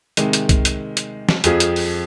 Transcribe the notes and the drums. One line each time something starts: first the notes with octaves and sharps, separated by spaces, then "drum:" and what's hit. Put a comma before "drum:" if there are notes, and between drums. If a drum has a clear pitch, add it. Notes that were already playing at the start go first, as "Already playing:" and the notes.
C3 D#3 G#3, drum: hi-hat
drum: hi-hat
drum: kick C2, hi-hat
drum: hi-hat
drum: hi-hat
drum: snare
F2 F3 C4 F4 G#4, drum: hi-hat
drum: hi-hat
drum: open hi-hat